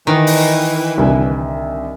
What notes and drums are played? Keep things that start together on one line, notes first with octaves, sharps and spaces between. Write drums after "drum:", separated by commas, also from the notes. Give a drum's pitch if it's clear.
D#3 E3
drum: open hi-hat
C2 D3 G#5